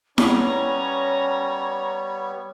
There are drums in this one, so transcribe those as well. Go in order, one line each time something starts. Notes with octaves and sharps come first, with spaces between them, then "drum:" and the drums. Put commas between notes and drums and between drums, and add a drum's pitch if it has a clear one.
G3 B3 C#4 C#5 A#5, drum: snare E4